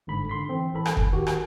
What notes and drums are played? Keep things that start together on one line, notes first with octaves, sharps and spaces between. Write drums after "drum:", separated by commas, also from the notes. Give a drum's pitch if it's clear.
G1 G#2 D3 B5
D3 C6 B6
E3 C4
A1 E3 A4 B5
drum: rim click
E2, drum: kick
D#3 F#4 G4
drum: rim click